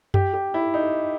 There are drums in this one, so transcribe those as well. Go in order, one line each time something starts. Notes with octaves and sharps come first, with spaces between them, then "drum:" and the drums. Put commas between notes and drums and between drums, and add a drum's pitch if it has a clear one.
G4, drum: tom F#2
G4
E4
D#4